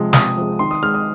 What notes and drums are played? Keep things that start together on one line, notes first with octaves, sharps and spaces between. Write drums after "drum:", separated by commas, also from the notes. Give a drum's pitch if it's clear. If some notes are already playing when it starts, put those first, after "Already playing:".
Already playing: C3 F3 G#3
C3 D#6, drum: snare
F3 G#3
D#3 C6
D#6
G#3 F6
D#6